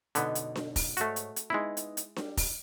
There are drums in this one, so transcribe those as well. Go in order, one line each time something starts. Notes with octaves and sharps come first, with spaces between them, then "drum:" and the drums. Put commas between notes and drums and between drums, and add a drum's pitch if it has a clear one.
F#2 B2 D3 B3 D#4, drum: hi-hat
drum: hi-hat
drum: snare D4
drum: kick, open hi-hat
G#2 A3 F#4 C#5, drum: hi-hat
drum: hi-hat
drum: hi-hat
G#3 B3 D#4 E4
drum: hi-hat
drum: hi-hat
G3, drum: snare D4
drum: kick, open hi-hat